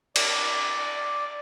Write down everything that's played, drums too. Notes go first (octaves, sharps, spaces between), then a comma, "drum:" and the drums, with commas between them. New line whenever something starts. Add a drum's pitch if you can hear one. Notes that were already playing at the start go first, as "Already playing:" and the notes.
D5, drum: cymbal